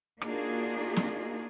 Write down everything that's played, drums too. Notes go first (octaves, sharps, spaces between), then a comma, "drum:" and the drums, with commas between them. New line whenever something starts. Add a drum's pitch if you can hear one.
A#3 D4 D#4 F4 F#4 G#4, drum: rim click
drum: snare